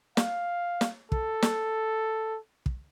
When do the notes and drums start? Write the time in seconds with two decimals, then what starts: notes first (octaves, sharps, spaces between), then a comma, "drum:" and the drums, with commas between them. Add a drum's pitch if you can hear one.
0.17 F5, drum: snare
0.81 drum: snare
1.12 A4, drum: kick
1.42 drum: snare
2.66 drum: kick